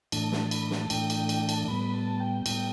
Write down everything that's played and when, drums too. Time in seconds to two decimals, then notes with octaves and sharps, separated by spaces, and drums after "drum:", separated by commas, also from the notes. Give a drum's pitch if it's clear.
0.12 A2 E3 A3 D4 A5, drum: cymbal
0.32 A5, drum: snare
0.51 B5, drum: cymbal
0.71 A5, drum: snare
0.90 A2 E3 A3 D4 G5, drum: cymbal
1.10 G5, drum: cymbal
1.29 G5, drum: cymbal
1.43 G5
1.49 A5, drum: cymbal
1.68 A2 G3 B3 B5
1.94 A5
2.20 G5
2.46 A2 G3 B3, drum: cymbal